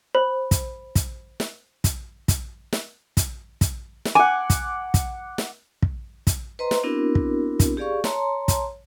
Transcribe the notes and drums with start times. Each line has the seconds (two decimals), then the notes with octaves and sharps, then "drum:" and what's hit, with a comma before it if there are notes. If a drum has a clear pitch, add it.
0.15 C5 B5
0.51 drum: kick, hi-hat
0.95 drum: kick, hi-hat
1.40 drum: snare
1.84 drum: kick, hi-hat
2.28 drum: kick, hi-hat
2.73 drum: snare
3.17 drum: kick, hi-hat
3.61 drum: kick, hi-hat
4.05 drum: snare
4.15 F#5 G#5 D6
4.50 drum: kick, hi-hat
4.94 drum: kick, hi-hat
5.38 drum: snare
5.82 drum: kick
6.27 drum: kick, hi-hat
6.59 B4 C5 D#5 A#5 C6
6.71 drum: snare
6.83 B3 C4 D4 E4 F#4 A#4
7.15 drum: kick
7.60 drum: kick, hi-hat
7.77 G4 G#4 D5 F5 C#6
8.04 C#5 A5 A#5 C6, drum: snare
8.48 drum: kick, hi-hat